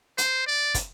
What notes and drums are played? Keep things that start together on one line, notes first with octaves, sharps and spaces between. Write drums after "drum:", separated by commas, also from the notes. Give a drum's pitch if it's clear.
C5, drum: hi-hat
D5
drum: kick, hi-hat